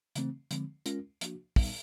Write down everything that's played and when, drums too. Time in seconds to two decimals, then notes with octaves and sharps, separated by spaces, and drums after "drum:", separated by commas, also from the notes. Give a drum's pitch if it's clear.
0.15 C#3 E3 A3 C4, drum: hi-hat
0.51 D3 F3 G#3 C4, drum: hi-hat
0.86 G#3 C#4 F4 A#4, drum: hi-hat
1.21 F3 A#3 D4 F#4, drum: hi-hat
1.56 A#2 G3 B3 D#4, drum: kick, open hi-hat